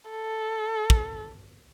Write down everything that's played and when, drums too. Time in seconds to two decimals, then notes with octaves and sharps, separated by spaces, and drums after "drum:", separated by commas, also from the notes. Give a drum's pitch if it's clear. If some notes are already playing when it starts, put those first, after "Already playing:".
0.10 A4
0.90 drum: kick